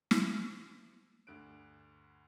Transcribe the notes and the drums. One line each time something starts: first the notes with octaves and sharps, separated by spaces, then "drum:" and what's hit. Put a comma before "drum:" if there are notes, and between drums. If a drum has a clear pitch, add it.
drum: snare
D2 G2 F#6 D7